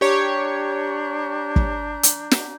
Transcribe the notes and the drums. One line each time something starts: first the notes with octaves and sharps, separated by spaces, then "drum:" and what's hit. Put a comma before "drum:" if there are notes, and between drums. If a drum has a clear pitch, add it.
D4 G4 C#5 A#5 G6 C#7
drum: kick
drum: hi-hat
drum: snare